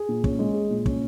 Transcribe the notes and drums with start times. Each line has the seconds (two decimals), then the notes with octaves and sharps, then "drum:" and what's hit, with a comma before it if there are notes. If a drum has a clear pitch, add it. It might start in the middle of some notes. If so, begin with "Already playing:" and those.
Already playing: G#4
0.09 A#2
0.24 C#4, drum: kick
0.39 G#3
0.54 G#4
0.70 A#2
0.86 C#4, drum: kick